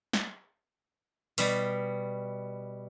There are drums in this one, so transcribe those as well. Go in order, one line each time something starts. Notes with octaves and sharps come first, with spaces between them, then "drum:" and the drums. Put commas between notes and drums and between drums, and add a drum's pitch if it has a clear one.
drum: snare
B2 G3, drum: open hi-hat